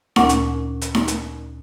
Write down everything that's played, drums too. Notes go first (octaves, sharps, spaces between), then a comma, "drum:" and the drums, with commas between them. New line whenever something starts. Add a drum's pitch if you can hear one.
D2 A#2 C#4 F#5 C#6, drum: snare D#4
drum: hi-hat
drum: hi-hat
drum: snare D#4
drum: hi-hat